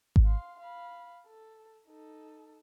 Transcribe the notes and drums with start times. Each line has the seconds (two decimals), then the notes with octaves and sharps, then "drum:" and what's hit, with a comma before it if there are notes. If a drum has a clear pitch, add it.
0.16 drum: kick G#1
0.25 F5 C6
0.59 F5 B5
1.27 A4
1.87 D#4 A4